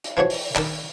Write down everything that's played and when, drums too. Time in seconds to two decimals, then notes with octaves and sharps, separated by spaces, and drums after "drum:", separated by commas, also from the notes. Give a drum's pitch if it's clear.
0.04 drum: hi-hat
0.17 E3 F3 F#4 C#5
0.30 drum: open hi-hat
0.56 D#3 D4, drum: clap